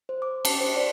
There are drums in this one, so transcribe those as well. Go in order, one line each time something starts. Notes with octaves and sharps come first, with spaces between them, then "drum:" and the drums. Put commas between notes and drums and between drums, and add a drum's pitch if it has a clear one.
C5
D6
A5, drum: cymbal
C5
D5